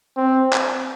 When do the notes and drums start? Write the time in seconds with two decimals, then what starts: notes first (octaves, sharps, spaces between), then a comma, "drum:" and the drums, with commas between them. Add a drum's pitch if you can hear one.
0.17 C4
0.53 drum: clap